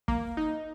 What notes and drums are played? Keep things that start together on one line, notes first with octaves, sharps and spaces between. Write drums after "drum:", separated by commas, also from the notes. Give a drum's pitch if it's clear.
A#3, drum: kick
D#4